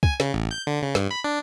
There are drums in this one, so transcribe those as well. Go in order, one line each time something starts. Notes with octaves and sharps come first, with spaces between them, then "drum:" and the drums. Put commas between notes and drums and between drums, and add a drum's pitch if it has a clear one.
G#5, drum: kick
C#3, drum: snare
A1
G6
D3
C#3
G2, drum: snare
B5
D4